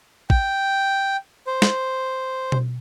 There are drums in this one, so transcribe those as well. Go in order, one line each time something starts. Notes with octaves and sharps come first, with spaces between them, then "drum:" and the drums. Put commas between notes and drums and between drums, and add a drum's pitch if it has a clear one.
G5, drum: kick
C5
drum: snare
drum: tom B2